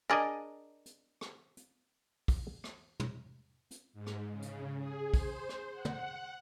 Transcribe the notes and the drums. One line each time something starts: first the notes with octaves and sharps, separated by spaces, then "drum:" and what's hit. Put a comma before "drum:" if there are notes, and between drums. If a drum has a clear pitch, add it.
D4 G#4 A#4 D5 D#5
drum: hi-hat
drum: rim click
drum: hi-hat
drum: kick, open hi-hat
drum: rim click
drum: tom
drum: hi-hat
G#2
drum: rim click
C#3
drum: hi-hat
G#4
C5, drum: kick, open hi-hat
drum: rim click
F#5
drum: tom